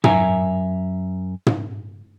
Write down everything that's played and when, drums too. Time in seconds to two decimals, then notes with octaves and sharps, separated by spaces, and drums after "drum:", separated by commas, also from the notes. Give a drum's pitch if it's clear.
0.04 F#2 E5 G#5 A#5, drum: tom
1.47 drum: tom